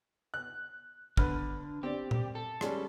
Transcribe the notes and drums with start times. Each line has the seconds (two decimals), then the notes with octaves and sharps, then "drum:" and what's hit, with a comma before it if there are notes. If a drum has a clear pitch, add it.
0.34 F#6
1.17 D3 B3 B4 F6, drum: kick
1.83 C4 G4 D5
2.11 drum: tom A#2
2.35 A4
2.61 G3 G#3 C#4, drum: rim click